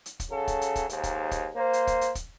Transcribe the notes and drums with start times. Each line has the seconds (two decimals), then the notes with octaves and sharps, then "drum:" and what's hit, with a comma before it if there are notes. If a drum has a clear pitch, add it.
0.06 drum: hi-hat
0.20 drum: kick, hi-hat
0.30 C#3 F#3 A4
0.48 drum: kick, hi-hat
0.62 drum: hi-hat
0.75 drum: kick, hi-hat
0.89 D#2 G#2, drum: hi-hat
1.03 drum: kick, hi-hat
1.31 drum: kick, hi-hat
1.56 A#3 C5
1.73 drum: hi-hat
1.87 drum: kick, hi-hat
2.01 drum: hi-hat
2.15 drum: kick, hi-hat